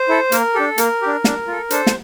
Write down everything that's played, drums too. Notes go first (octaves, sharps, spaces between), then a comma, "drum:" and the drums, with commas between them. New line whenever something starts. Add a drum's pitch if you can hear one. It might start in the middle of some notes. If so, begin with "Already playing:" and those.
Already playing: C5
E4 A4
A#3 A#4, drum: hi-hat
D4 G4 A4
A#3 A#4, drum: hi-hat
D4 G4
D4, drum: snare
F4 A4
D4 A4 C5, drum: hi-hat
drum: snare